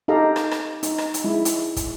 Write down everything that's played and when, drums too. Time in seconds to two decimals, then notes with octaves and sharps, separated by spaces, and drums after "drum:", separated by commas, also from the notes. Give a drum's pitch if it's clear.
0.08 D#4 G4 A4 F5 A#5
0.36 drum: rim click
0.51 drum: rim click
0.83 D#4, drum: hi-hat
0.98 drum: rim click
1.14 drum: hi-hat
1.24 G#3 E4
1.45 drum: hi-hat
1.76 drum: kick, hi-hat